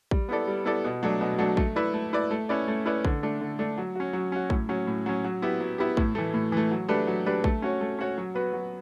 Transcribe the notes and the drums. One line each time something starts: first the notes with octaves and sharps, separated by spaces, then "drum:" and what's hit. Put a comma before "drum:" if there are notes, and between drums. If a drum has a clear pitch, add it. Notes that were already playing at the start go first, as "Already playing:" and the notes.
G3, drum: kick
B3 E4 A4 D5
G3
B3 E4 A4 D5
B2
F#3 A3 D4
B2
F#3 A3 D4
A3, drum: kick
E4 B4 D5
A3
E4 B4 D5
A3
C#4 E4 B4 D5
A3
C#4 E4 B4 D5
D3, drum: kick
A3 D4
D3
A3 D4
F#3
C#4 F#4
F#3
C#4 F#4
A2, drum: kick
F#3 C#4
A2
F#3 C#4
F#3
B3 E4 G4
F#3
B3 E4 G4
A2, drum: kick
E3 A3
A2
E3 A3
F#3
A3 D4 G4 B4
F#3
A3 D4 G4 B4
A3, drum: kick
C#4 F#4 C#5
A3
C#4 F#4 C#5
F#3
B3 F#4 B4
F#3